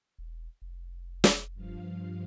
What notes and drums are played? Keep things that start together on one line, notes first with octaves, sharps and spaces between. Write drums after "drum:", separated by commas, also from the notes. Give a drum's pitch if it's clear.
E1
F1
drum: snare
G2 F3 F5